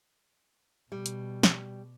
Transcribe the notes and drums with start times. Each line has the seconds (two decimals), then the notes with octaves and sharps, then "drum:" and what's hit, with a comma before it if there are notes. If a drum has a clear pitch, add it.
0.92 B2 G3
1.06 drum: hi-hat
1.43 drum: snare